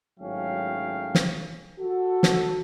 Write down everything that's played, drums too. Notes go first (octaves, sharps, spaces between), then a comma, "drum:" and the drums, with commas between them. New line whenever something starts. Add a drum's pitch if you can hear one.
G#1 A2 F#3 C#4 F5 G5
drum: snare
F#4 A4
drum: snare